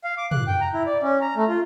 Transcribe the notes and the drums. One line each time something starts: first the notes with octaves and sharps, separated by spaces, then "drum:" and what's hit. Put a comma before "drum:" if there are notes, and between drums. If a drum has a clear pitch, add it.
F5
D6
F#6, drum: tom
G5
A#5
E4
D5
C#4
A#5
A3
F4